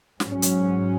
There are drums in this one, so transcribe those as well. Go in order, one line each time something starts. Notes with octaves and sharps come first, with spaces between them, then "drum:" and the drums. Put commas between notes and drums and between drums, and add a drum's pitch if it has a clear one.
G#2 F#3 C#4, drum: snare
drum: hi-hat